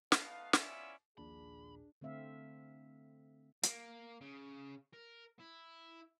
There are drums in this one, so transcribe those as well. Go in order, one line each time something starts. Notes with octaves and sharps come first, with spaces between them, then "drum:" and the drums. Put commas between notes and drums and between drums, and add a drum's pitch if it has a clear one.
A3 B3 D#4 B4 F5, drum: snare
B3 C#4 E4 F4 D5 E5, drum: snare
A#1 D#2 A#2 D4 G#4 B5
D3 A3 C4 E5 F5
A#3, drum: hi-hat
C#3
A#4
E4